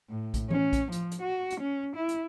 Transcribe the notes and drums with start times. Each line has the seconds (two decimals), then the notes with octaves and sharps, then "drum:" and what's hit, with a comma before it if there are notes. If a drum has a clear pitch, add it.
0.10 A2
0.34 drum: kick A#1, hi-hat
0.50 C#4, drum: tom E3
0.73 drum: kick A#1, hi-hat
0.92 F3, drum: hi-hat
1.11 drum: hi-hat
1.22 F#4
1.50 drum: hi-hat
1.62 C#4
1.96 E4
2.09 drum: hi-hat